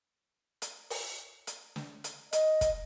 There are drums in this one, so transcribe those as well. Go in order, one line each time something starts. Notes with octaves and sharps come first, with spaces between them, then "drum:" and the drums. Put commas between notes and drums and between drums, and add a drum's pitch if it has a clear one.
drum: hi-hat
drum: open hi-hat
drum: hi-hat
drum: snare
drum: hi-hat
D#5, drum: hi-hat
drum: kick, hi-hat